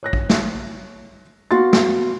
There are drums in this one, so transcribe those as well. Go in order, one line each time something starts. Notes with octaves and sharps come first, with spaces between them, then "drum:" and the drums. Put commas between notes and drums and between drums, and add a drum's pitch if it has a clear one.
C#5 F#6 A#6
drum: kick
drum: snare
B3 F#4 F5 C6 A6
drum: snare